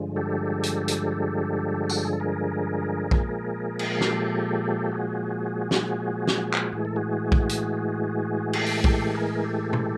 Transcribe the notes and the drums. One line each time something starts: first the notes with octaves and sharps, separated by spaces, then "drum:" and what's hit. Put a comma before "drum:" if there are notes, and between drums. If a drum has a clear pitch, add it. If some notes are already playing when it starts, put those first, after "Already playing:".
Already playing: G2 D3 F3 G#3
G4 A4
drum: hi-hat
drum: hi-hat
F#4, drum: tambourine
G4
G#4
A4
G#4 A#4
A#2 F3 G#3, drum: kick A#1
drum: cymbal
G#4
G4 A4, drum: snare
F#4 G#4
drum: snare
drum: snare
drum: clap
A2 E3 G#3 G#4
A4
F#4 G#4
drum: kick A#1
drum: hi-hat
G4 A4, drum: cymbal
drum: open hi-hat
G4 A4, drum: kick A#1
G#4 A#4
A#4
G4 A4
drum: tom